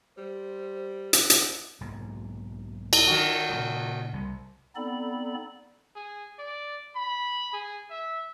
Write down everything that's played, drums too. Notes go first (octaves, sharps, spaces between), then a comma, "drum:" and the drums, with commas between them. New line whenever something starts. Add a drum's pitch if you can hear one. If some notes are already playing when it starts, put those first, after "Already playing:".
G3 C5
F#5, drum: hi-hat
drum: hi-hat
B1 G#2 A#3
drum: cymbal
D#3 F#4
A#2 C#3
C2 C3
B3 C4 D#4 A4 D5 B5
G#4
D5
B5
G#4
E5